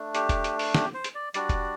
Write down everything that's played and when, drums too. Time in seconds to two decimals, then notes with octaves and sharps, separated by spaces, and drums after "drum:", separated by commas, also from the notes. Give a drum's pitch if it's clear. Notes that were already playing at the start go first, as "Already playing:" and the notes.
Already playing: A3 D4
0.15 G4, drum: hi-hat
0.29 drum: kick F1, hi-hat
0.44 drum: hi-hat
0.59 drum: open hi-hat
0.75 G4, drum: snare
0.94 C5
1.04 drum: hi-hat
1.15 D5
1.34 G3 D4 F#4 D5, drum: hi-hat
1.49 drum: kick F1, hi-hat